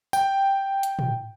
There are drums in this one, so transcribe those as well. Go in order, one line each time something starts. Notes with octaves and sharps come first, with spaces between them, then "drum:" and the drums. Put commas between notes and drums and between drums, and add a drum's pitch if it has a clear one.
G5, drum: tambourine
drum: hi-hat
drum: tom